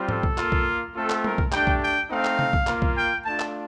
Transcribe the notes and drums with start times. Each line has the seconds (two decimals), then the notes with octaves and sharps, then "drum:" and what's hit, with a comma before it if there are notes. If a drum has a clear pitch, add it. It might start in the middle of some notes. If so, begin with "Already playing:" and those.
Already playing: G3 C4 F4
0.09 A4, drum: tom G#2
0.23 drum: kick B1
0.38 A#3 F4, drum: clap
0.52 drum: kick B1
0.95 A3 C4 F4 A4
1.10 drum: clap
1.24 A#4, drum: tom G3
1.38 drum: kick B1
1.52 A3 D4 G4 G5, drum: clap
1.67 drum: kick B1
1.82 G5
2.10 A3 C4 D#4 F5
2.24 drum: clap
2.39 drum: tom C3
2.53 drum: kick B1
2.67 A#3 F4, drum: clap
2.82 drum: kick B1
2.97 G5
3.25 A3 D4 F4 A5
3.39 drum: clap